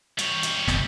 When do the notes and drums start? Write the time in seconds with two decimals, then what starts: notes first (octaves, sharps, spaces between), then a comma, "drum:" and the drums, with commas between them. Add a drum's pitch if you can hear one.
0.19 G3 C#5, drum: hi-hat
0.43 drum: hi-hat
0.68 drum: snare